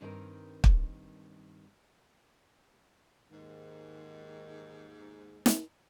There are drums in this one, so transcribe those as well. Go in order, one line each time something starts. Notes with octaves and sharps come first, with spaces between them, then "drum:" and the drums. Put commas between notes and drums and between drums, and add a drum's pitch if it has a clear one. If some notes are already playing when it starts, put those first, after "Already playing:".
G2 D#3 C4 D#4 G#4 A#4
drum: kick
D#2 G#2 D#3
drum: snare